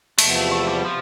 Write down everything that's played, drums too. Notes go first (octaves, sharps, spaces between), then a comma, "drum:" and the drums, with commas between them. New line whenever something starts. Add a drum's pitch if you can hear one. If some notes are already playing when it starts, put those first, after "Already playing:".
E2 C3 F3 A3 B3, drum: cymbal
A3
A3
G3
C3 F3